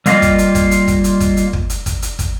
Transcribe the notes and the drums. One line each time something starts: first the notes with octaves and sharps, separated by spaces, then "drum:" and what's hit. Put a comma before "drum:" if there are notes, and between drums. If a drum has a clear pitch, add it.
G3 A#3 F4 D#5, drum: hi-hat
drum: kick, hi-hat
drum: hi-hat
drum: kick, hi-hat
drum: hi-hat
drum: kick, hi-hat
drum: hi-hat
drum: kick, hi-hat
drum: hi-hat
drum: kick
drum: hi-hat
drum: kick, hi-hat
drum: hi-hat
drum: kick, hi-hat